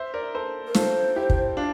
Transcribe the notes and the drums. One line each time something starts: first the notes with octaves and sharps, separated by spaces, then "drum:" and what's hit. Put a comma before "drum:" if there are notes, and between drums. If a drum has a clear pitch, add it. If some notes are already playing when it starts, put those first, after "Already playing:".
Already playing: C5 E5
A#4 D5
A4 C5
A#4
F4 A4 C5, drum: snare
E4 G4
drum: kick
D4 F4